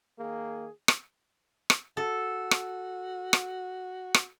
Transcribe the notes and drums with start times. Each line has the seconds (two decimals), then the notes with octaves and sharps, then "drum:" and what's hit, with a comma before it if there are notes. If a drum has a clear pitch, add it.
0.18 D#3 A#3 G#4
0.88 drum: rim click
1.70 drum: rim click
1.97 F#4 A4
2.51 drum: rim click
3.33 drum: rim click
4.14 drum: rim click